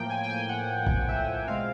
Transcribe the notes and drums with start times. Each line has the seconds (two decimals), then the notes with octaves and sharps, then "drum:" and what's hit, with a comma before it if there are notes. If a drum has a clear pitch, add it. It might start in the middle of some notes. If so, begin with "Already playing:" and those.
Already playing: A2 F3 A#3 G5
0.10 G#5
0.23 G5
0.30 G#5
0.49 F#5
0.87 drum: kick A#1
1.09 E5
1.47 B2 G#3 C4 F5